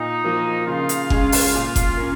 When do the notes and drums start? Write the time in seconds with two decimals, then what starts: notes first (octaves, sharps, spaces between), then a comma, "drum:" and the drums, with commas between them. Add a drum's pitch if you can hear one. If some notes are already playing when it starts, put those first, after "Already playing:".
Already playing: A#2 D#4
0.24 F3 A#3
0.67 C#3 F4
0.89 drum: hi-hat
1.10 G#3 C#4, drum: kick F#1
1.32 drum: open hi-hat
1.54 A#2
1.76 drum: kick F#1, hi-hat
1.97 A#3 C#4